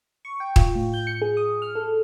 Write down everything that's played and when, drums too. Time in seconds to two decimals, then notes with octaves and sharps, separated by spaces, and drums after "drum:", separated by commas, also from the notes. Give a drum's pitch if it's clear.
0.25 C#6
0.40 G5
0.56 F4, drum: kick
0.75 A2
0.94 G6
1.07 C#7
1.22 G#4
1.37 D#6
1.62 F6
1.75 A4